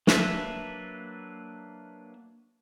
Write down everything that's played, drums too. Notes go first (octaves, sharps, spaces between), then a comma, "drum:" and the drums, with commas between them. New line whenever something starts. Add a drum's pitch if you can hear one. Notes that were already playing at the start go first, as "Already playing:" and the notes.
F#3 A#3 D4 B4 E5, drum: snare